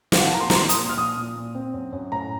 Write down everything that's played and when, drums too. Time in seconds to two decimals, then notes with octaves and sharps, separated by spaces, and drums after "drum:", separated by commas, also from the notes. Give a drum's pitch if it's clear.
0.12 F5, drum: snare
0.19 F#5
0.26 A5
0.34 A#5
0.40 A#2 C6
0.50 A#5, drum: snare
0.55 C6
0.60 A#2
0.69 D#6, drum: hi-hat
0.79 A#2
0.89 F6
0.97 F3 D#6
1.17 A#2
1.36 A#2
1.55 C4
1.74 F#2
1.93 F#2
2.12 A2 A#5